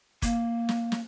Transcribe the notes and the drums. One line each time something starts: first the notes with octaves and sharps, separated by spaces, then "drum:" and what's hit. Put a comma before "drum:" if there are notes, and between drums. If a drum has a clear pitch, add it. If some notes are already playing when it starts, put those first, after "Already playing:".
A#3, drum: kick, hi-hat
drum: snare
drum: snare